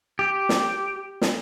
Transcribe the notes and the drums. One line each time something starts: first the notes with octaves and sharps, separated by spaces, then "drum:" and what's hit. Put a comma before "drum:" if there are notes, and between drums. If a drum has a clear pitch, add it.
G4
drum: snare
drum: snare